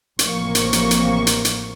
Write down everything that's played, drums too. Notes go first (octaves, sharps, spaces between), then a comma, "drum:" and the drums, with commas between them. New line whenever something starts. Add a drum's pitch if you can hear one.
A1 C3 F3 A#3 C#6, drum: hi-hat
drum: hi-hat
drum: hi-hat
drum: hi-hat
drum: hi-hat
drum: hi-hat